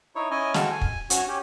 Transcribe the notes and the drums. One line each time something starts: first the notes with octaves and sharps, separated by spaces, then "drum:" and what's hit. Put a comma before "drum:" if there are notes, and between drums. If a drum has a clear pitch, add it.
D#4 E4 C#5
C#4 E4 D#5 G#5
G#3 F#4 A4 F5 G5, drum: snare
G#5
drum: kick
C#4 F#4 C#5, drum: hi-hat
C#4 G4